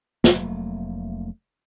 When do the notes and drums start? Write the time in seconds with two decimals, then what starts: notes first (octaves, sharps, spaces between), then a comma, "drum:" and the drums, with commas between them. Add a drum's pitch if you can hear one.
0.24 F1 F#3 A3 A#3, drum: snare